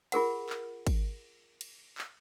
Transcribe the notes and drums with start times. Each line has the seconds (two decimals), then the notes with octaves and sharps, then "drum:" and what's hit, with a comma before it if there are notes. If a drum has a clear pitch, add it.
0.12 F4 G#4 A#4 F#5, drum: cymbal
0.49 drum: clap
0.87 drum: kick G#1, cymbal
1.61 drum: cymbal
1.98 drum: clap